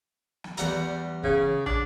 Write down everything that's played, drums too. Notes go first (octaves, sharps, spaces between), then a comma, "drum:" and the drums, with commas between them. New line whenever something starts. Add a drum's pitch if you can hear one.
drum: snare
E2 G3 F#5 A#5, drum: hi-hat
C#3, drum: kick
D4, drum: tom